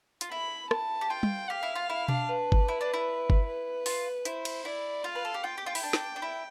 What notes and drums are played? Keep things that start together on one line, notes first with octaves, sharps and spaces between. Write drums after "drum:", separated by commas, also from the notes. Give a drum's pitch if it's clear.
F4, drum: hi-hat
E4 B5
A5, drum: rim click
G4
F4 G5
drum: tom G3
G4 F5
E4
F4
E4
D4, drum: tom B2
B4
drum: kick G1
E4
D4
E4
drum: kick G1
B4
F4, drum: open hi-hat
E4 C5, drum: hi-hat
drum: cymbal
E4 D5
F4 F5
B4
A4
G4
F4 G5
G4
F4
E4, drum: open hi-hat
D4
drum: snare
D4
E4